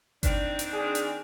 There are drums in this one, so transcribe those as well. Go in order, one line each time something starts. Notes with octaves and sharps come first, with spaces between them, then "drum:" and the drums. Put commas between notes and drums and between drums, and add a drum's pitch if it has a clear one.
D#3 C4 D4, drum: kick G1, hi-hat
drum: hi-hat
G#4
drum: hi-hat